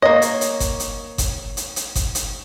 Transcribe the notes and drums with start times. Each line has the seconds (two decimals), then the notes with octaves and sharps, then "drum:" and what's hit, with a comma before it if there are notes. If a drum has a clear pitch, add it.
0.02 A#3 C#5 D#5
0.22 drum: hi-hat
0.41 drum: hi-hat
0.60 drum: kick G1, hi-hat
0.80 drum: hi-hat
1.18 drum: kick G1, hi-hat
1.57 drum: hi-hat
1.76 drum: hi-hat
1.95 drum: kick G1, hi-hat
2.15 drum: hi-hat